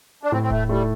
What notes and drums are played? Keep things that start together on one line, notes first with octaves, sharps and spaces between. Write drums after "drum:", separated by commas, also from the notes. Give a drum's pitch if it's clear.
D4
A2 C4
C4
A3, drum: kick D#1
G3 A3 E4